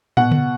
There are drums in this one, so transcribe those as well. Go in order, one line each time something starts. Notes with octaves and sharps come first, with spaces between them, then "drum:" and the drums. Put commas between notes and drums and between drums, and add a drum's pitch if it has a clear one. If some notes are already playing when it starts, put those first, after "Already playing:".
B2 F#5, drum: tom
drum: tom C#3